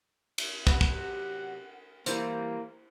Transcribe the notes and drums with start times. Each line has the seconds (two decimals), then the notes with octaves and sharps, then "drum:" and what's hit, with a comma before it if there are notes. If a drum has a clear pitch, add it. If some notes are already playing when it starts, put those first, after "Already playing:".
0.38 drum: cymbal
0.67 C3 F#3 B4 F#5, drum: kick
0.81 drum: kick
2.06 E3 G3 A#3 E4 C5, drum: hi-hat